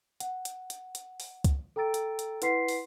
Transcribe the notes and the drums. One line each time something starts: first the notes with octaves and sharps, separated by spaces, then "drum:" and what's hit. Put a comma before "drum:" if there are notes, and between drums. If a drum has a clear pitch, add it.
F#5, drum: hi-hat
drum: hi-hat
drum: hi-hat
drum: hi-hat
drum: open hi-hat
drum: kick C#2, hi-hat
A4 G5 A#5 E6 A6 D7
drum: hi-hat
drum: hi-hat
E4 B4 F#5 C6 B6 C7, drum: hi-hat
drum: open hi-hat